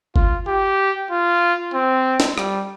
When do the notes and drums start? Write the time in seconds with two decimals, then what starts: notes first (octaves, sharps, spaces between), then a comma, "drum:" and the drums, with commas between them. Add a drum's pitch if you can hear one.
0.16 F4, drum: kick G1
0.47 G4
1.11 F4
1.74 C4
2.20 drum: snare
2.38 G3, drum: rim click